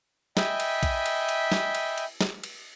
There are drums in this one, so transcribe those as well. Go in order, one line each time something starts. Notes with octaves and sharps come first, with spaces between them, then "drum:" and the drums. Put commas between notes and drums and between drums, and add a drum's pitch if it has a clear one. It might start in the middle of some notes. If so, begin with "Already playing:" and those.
D#5 E5 G5 G#5 B5, drum: snare
drum: cymbal
drum: kick A#1, cymbal
drum: cymbal
drum: cymbal
drum: snare
drum: cymbal
drum: cymbal
drum: snare
drum: cymbal